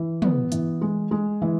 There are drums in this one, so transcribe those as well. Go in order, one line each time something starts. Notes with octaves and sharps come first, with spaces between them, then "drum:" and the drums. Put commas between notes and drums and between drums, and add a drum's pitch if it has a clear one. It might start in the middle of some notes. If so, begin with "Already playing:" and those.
Already playing: E3
B3, drum: tom
E3, drum: hi-hat
G#3
G#3
E3